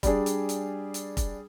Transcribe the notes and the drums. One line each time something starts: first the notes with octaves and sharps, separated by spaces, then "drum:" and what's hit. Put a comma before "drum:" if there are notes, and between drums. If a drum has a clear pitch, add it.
G3 D4 G#4, drum: kick F1, hi-hat
drum: hi-hat
drum: hi-hat
drum: hi-hat
drum: kick F1, hi-hat